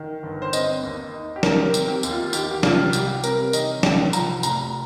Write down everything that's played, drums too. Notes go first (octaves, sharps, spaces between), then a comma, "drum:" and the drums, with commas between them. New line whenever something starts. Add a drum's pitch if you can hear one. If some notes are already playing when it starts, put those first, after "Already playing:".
Already playing: D#3
G1
C5
C4 D#5, drum: tambourine
D#2
D#4
G4
D#3 A#4, drum: snare
G4
A#4
C4, drum: tambourine
G4
D#2, drum: tambourine
F4
D#3 G4, drum: tambourine
G4
C2 F4, drum: snare
G3 G4, drum: tambourine
C3 A#4, drum: tambourine
D#3 D#5, drum: tambourine
C2 G5, drum: snare
F3 A#5, drum: tambourine
F1 A#5, drum: tambourine